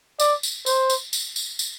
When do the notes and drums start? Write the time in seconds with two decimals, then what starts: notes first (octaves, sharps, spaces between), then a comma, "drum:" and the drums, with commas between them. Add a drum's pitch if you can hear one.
0.20 D5, drum: tambourine
0.43 drum: tambourine
0.66 C5, drum: tambourine
0.90 drum: tambourine
1.13 drum: tambourine
1.36 drum: tambourine
1.59 drum: tambourine